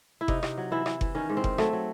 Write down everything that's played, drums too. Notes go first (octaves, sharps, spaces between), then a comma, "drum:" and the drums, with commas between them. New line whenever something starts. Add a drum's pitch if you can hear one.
E4
C3 D#4, drum: kick F#1
C3, drum: rim click
F#3
E3 E4
E3, drum: rim click
E3, drum: kick F#1
D#3 C#4
G#2
C4
D#3, drum: kick F#1
F#3 A3, drum: rim click
F#3